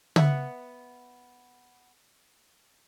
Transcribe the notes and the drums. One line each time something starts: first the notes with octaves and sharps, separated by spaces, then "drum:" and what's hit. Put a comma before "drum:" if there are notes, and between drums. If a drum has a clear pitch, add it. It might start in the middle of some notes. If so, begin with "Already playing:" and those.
B3 E5 F#5, drum: tom